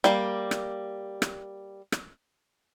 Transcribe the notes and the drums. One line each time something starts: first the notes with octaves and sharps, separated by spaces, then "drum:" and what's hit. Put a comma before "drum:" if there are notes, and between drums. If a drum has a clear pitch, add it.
G3 A#3, drum: rim click
drum: rim click
drum: rim click
drum: rim click